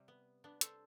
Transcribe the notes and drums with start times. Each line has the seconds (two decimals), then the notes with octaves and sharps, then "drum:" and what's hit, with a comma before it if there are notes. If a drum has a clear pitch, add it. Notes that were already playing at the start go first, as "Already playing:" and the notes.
Already playing: C3 G3
0.08 B3
0.44 B3 D4
0.61 A4 C5, drum: hi-hat